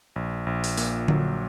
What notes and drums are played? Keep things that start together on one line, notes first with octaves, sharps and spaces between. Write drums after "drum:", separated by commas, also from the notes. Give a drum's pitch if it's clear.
A#1
A#1
drum: open hi-hat
A#2, drum: open hi-hat
F#3, drum: tom D3